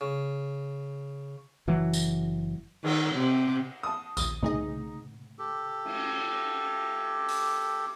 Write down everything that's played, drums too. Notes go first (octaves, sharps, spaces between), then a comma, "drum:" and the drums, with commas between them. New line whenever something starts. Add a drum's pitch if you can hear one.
C#3
F#1 E3 F#3
drum: tambourine
D#3, drum: cymbal
C3
A5 D#6
A#1 D#2 D#6, drum: tambourine
C2 D#4 G#4 D#5, drum: tom C3
G4 A4
drum: cymbal
drum: open hi-hat